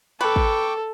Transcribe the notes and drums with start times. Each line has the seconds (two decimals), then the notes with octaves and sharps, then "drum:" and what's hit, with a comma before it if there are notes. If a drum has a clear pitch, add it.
0.21 A4 B4 G5 C#6 D6
0.36 drum: kick